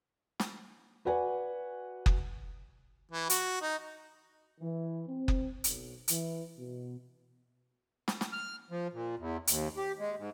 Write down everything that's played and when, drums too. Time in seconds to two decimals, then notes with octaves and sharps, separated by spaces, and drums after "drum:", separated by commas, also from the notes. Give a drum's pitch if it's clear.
0.40 drum: snare
1.05 F#4 B4 D5 F#5 G#5
2.06 drum: kick F#1
3.12 E3
3.30 F#4, drum: hi-hat
3.62 D#4
4.60 E3
5.07 C4
5.28 drum: kick F#1
5.64 B1, drum: hi-hat
6.08 E3, drum: hi-hat
6.56 B2
8.08 drum: snare
8.21 drum: snare
8.33 F6
8.71 F3
8.93 A#2
9.19 E2
9.47 D#2, drum: hi-hat
9.77 G4
9.99 G#3
10.18 G#2